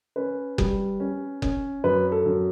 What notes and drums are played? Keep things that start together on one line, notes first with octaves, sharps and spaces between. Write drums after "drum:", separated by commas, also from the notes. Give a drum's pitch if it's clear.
C#4 B4
G3, drum: kick F#1
C#4
C#4, drum: kick F#1
F#2 B4
A4
F#2